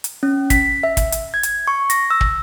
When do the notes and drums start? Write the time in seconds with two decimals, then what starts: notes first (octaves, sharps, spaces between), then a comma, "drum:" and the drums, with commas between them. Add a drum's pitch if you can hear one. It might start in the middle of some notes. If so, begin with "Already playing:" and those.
0.04 drum: hi-hat
0.23 C#4
0.50 B6, drum: kick, hi-hat
0.83 E5
0.97 drum: kick, hi-hat
1.12 drum: hi-hat
1.34 G#6
1.43 drum: hi-hat
1.68 C#6
1.90 A#6, drum: hi-hat
2.11 E6
2.21 drum: kick